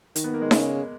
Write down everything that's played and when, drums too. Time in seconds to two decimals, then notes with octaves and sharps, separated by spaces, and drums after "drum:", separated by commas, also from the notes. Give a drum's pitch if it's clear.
0.16 D#3, drum: hi-hat
0.24 B3
0.34 A#3
0.42 G#3
0.51 C#3, drum: snare D#4